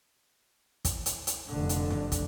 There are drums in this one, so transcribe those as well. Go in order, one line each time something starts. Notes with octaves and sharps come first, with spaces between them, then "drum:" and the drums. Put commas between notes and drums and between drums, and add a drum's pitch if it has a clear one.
drum: kick, hi-hat
drum: hi-hat
drum: hi-hat
F1 D3
drum: hi-hat
drum: tom F2
drum: kick, hi-hat